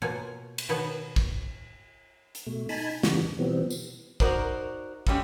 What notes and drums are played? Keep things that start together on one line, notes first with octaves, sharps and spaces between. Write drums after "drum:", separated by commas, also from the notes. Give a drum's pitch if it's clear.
B2 A#3 F4 C#5 G#5
drum: cymbal
B2 D#3 B3 B4 C#5
drum: kick
drum: hi-hat
B2 A3
D#4 G#5 A5 B5, drum: open hi-hat
C#3 E3 G3, drum: snare
B2 E3 F3 G3 B3 C4
drum: tambourine
D#4 F#4 A#4 C5 D5, drum: kick
G#2 D3 F3 C#4 D4 G4, drum: kick